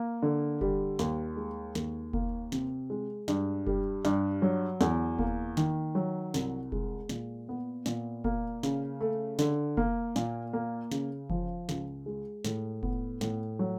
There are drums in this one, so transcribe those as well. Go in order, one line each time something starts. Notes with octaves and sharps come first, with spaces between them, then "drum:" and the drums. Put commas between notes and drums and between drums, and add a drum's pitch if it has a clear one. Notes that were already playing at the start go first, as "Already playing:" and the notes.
Already playing: A#3
D3
G3, drum: kick F1
D#2, drum: snare
G#3
D#2, drum: snare
A#3, drum: kick F1
C3, drum: snare
G#3
G2, drum: snare
G3, drum: kick F1
G2, drum: snare
F#3
E2, drum: snare
A#3, drum: kick F1
D#3, drum: snare
F#3
C2, drum: snare
G#3, drum: kick F1
A#2, drum: snare
B3
A#2, drum: snare
A#3, drum: kick F1
C#3, drum: snare
A3
D3, drum: snare
A#3, drum: kick F1
A#2, drum: snare
A#3
C#3, drum: snare
F3, drum: kick F1
C#2, drum: snare
G#3
A2, drum: snare
B3, drum: kick F1
A2, drum: snare
F#3